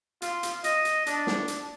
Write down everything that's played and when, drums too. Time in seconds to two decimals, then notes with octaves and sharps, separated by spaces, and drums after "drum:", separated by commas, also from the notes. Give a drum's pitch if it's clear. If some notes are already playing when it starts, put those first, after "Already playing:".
0.22 F4, drum: hi-hat
0.43 drum: hi-hat
0.64 D#5, drum: hi-hat
0.85 drum: hi-hat
1.06 D4, drum: hi-hat
1.27 drum: snare
1.48 drum: hi-hat